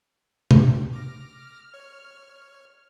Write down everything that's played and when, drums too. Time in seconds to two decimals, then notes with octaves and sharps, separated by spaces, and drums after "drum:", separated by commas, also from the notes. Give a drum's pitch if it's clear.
0.51 G4, drum: tom
0.93 D6 F6 A#6
1.74 C#5